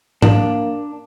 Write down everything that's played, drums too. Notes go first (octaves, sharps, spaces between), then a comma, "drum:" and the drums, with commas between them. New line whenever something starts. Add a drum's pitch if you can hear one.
A#3 D4, drum: tom G#2